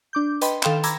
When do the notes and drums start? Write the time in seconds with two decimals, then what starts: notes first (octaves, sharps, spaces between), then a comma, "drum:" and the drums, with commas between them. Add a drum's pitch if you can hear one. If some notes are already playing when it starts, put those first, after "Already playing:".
0.13 D4 D6 G6
0.41 B4 D#5 G5 B5 C6, drum: hi-hat
0.63 D#3 A4 F5 G5 C6 E7, drum: clap
0.84 A#5 B5 D6 E6 G#6 A#6, drum: hi-hat